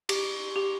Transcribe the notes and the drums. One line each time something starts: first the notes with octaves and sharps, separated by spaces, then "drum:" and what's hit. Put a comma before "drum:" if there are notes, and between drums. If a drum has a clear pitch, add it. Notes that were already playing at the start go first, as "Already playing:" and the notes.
G4, drum: cymbal
G4